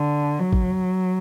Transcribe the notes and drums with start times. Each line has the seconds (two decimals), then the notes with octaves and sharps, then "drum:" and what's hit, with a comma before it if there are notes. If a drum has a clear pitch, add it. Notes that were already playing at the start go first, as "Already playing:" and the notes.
Already playing: D3
0.40 F#3
0.53 drum: kick